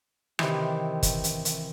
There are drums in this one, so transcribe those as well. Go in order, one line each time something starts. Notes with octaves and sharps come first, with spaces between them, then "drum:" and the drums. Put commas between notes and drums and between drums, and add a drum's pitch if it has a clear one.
C3 D#3 E3, drum: rim click
drum: kick, hi-hat
drum: hi-hat
drum: hi-hat